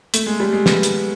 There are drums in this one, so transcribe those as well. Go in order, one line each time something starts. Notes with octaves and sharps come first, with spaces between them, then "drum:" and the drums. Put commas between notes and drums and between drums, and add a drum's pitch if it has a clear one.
A3, drum: hi-hat
G#3
G3
G#3
B3, drum: snare
drum: hi-hat